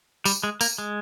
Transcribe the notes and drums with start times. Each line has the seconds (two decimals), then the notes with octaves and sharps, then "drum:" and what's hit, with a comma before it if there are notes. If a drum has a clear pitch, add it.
0.25 G3, drum: tambourine
0.43 G#3
0.61 A#3, drum: tambourine
0.78 G#3